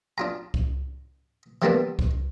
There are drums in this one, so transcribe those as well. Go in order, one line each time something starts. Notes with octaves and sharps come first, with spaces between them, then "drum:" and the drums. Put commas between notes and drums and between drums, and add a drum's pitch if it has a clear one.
D4 F4 A#5
drum: kick C2
E3 G3 A#3 B3 D4 E4
drum: kick C2